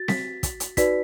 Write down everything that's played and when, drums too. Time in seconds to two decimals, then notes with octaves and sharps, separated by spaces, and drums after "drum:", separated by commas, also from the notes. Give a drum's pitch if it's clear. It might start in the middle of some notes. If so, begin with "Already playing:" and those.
Already playing: F#4 A6
0.08 B6, drum: snare C4
0.43 drum: kick, hi-hat
0.60 drum: hi-hat
0.77 D#4 F#4 B4 D5 B6, drum: kick, hi-hat